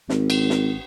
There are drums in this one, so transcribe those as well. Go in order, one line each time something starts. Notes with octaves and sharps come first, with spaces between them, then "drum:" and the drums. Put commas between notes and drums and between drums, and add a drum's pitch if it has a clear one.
G#1, drum: snare
drum: cymbal
drum: snare